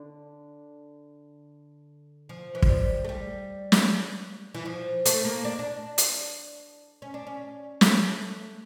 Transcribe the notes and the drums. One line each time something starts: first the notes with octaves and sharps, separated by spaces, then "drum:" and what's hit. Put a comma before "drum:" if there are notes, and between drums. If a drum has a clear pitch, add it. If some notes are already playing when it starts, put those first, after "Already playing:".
Already playing: D3
F3
E3
F3, drum: kick
G3
A3
G3
drum: snare
E3
F3
A3, drum: hi-hat
A#3
D4
D4
drum: hi-hat
C#4
D4
C#4
A3, drum: snare